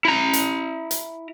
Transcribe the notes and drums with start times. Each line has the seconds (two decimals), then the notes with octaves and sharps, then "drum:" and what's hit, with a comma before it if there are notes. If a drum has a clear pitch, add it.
0.05 E4 A#5
0.33 drum: hi-hat
0.91 drum: hi-hat